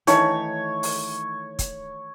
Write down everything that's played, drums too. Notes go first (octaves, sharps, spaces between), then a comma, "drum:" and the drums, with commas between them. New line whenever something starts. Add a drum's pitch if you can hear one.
D#3 E3 A3 C#5, drum: hi-hat
drum: open hi-hat
drum: kick, hi-hat